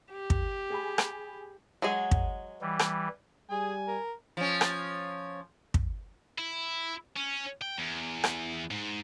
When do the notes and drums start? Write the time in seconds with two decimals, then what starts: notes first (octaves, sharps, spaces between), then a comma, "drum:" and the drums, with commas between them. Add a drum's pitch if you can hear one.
0.11 G4
0.30 drum: kick
0.70 G#4 G#5 B5
0.98 drum: rim click
1.82 F#3 G#3 G#4
2.11 drum: kick
2.61 E3 G3
2.79 drum: rim click
3.50 G3 G#4 G#5
3.88 A#4
4.37 F3 C#4
4.61 drum: rim click
5.74 drum: kick
6.38 E4
7.17 C#4
7.61 G5
7.78 E2
8.24 drum: rim click
8.71 G#2